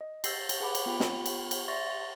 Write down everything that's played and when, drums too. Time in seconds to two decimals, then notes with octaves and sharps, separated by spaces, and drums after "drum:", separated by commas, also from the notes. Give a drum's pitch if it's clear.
0.01 D#5
0.24 E6 G6 A6 A#6 C7, drum: cymbal
0.49 drum: cymbal
0.60 G#4 B4 F#5 A5 B5 D6
0.75 drum: cymbal
0.86 B3 F4 G5 B5
1.00 drum: snare
1.26 drum: cymbal
1.51 drum: cymbal
1.68 D5 E5 C6 C#6 A6 A#6